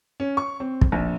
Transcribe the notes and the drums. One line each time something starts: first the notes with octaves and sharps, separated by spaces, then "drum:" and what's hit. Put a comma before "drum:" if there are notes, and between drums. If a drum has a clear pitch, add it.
C#4
C#6
C4
drum: kick
A#1